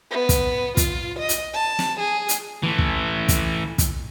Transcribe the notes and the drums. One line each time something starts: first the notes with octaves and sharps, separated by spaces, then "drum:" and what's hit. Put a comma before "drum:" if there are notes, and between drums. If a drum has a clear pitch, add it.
B3
drum: kick, hi-hat
F4, drum: kick, hi-hat
D#5
drum: hi-hat
A5
drum: snare
G#4
drum: hi-hat
E3 A3
drum: kick
drum: kick, hi-hat
drum: kick, hi-hat